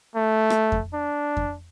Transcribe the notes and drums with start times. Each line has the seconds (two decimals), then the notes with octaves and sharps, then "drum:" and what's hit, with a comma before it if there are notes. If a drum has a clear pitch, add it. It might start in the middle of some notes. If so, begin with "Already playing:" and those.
0.16 A3
0.50 drum: rim click
0.72 drum: kick F2
0.93 D4
1.37 drum: kick F2